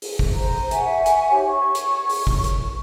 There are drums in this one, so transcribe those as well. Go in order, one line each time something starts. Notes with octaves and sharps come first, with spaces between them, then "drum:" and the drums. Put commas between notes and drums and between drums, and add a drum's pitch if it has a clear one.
drum: open hi-hat
drum: kick
G#4 C5 A#5
E5 F#5 G#5 C#6, drum: hi-hat
drum: hi-hat
D#4 G4 C5 C#5
C#5 C#6
drum: hi-hat
drum: open hi-hat
drum: kick
drum: hi-hat